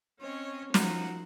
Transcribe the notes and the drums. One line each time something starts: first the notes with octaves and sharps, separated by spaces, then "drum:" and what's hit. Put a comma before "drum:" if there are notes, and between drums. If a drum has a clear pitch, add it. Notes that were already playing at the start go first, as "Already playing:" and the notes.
C4 C#4 C#5 D#5
F#2 F3 D#4 F#5, drum: snare